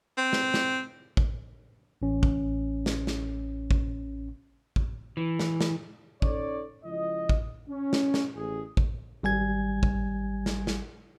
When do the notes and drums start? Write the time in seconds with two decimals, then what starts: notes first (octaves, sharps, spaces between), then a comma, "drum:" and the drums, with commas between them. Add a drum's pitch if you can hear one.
0.18 C4
0.33 drum: snare
0.54 drum: snare
1.17 drum: kick
2.02 A1 C#4
2.23 drum: kick
2.86 drum: snare
3.07 drum: snare
3.71 drum: kick
4.76 drum: kick
5.17 E3
5.39 drum: snare
5.61 drum: snare
6.22 C#4 D#4 A4 C#5 D5, drum: kick
6.84 C#2 F3 E4 D#5
7.29 drum: kick
7.68 C#4
7.93 drum: snare
8.14 drum: snare
8.35 A1 G#4
8.77 drum: kick
9.23 G#1 G3 G#5 G#6
9.83 drum: kick
10.46 drum: snare
10.67 drum: snare